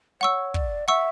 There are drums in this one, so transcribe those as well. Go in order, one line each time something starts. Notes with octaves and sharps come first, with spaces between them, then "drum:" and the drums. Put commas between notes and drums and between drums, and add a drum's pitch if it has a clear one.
C#5 F#5 C#6 E6
D5, drum: kick
E5 F#5 C#6 E6